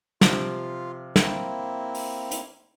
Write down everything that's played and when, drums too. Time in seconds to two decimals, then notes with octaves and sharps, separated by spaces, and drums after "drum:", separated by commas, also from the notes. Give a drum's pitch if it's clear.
0.21 C3 F3 F4, drum: snare
1.16 A#3 C4 E4, drum: snare
1.95 drum: open hi-hat
2.31 drum: hi-hat